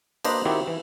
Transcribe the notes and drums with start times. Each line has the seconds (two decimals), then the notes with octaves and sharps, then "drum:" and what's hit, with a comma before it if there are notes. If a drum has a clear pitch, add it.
0.24 A#3 D4 B4 C5 D#5, drum: cymbal
0.46 D#3 C4 D#4 E4 F#4 G4
0.67 E3